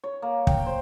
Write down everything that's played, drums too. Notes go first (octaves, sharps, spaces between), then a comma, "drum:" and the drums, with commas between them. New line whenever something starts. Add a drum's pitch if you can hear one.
C#5
A#3
G5, drum: kick
C5